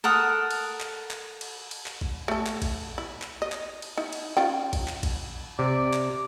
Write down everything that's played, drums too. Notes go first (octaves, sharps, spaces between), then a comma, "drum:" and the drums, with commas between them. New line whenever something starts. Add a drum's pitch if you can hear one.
A4 A#4 F#5 D#6
drum: cymbal
drum: clap
drum: clap
drum: cymbal
drum: cymbal
drum: clap
drum: kick A#1
A3 A4
drum: clap
drum: kick A#1, cymbal
E4
drum: clap
D#5
drum: clap
drum: cymbal
D#4 E4
drum: cymbal
C#4 F4 G5
drum: kick A#1, cymbal
drum: clap
drum: kick A#1, cymbal
C3 D5
drum: clap